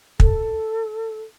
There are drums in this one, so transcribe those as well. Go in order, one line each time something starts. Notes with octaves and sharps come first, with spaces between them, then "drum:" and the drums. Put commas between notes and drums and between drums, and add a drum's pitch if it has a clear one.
A4, drum: kick